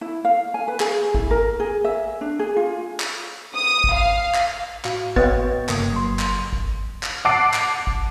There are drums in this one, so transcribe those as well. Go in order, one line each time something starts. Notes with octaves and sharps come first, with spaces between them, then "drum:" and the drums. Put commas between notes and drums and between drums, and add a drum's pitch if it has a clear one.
E4
F5
G#5
B4
G#4, drum: clap
E4, drum: kick G#1
A#4
G#4
E5
D4
G#4
F4
drum: clap
D#6
drum: kick G#1
F5
drum: clap
A2 F#4 F5, drum: clap
B3 B4 C#5 D#5 G5 A6, drum: kick G#1
G1 C#3 A#3 D#6 G#6, drum: clap
F#3 C6
drum: clap
drum: kick G#1
drum: clap
F#5 A5 D6 A6 C7 D7
drum: clap
drum: kick G#1